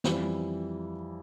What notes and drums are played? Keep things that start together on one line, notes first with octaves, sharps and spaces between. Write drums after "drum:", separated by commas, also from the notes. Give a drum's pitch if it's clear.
F2 E3 G3, drum: snare